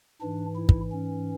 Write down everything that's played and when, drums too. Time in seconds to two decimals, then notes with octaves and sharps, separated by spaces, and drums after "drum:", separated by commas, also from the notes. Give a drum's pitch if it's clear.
0.21 G#2 E3 D4
0.56 E4
0.69 drum: kick
0.92 C#4